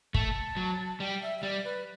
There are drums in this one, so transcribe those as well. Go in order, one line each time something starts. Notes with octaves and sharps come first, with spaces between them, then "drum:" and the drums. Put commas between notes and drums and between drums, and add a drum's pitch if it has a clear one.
A3 A5, drum: kick
F#3
G3 G5
E5
E5
G3 D5
B4